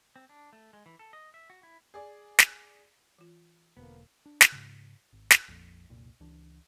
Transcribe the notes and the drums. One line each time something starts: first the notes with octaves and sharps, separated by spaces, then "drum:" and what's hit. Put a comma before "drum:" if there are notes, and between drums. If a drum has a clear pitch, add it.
C4
D4
A3
G#3
E3
A4
D#5
E5
F#4
E4
G#4 D5
drum: snare
E3 F4
E1 D3 F3 A#3 B3
D4
drum: snare
G#2 C#3
G#1
drum: snare
A#1 F2 A#2
F1 C2 A#2
C#2 E3 D4